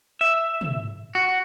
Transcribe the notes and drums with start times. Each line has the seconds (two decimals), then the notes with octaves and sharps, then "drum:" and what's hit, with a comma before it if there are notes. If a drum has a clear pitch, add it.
0.21 E5
0.61 drum: tom
1.15 F#4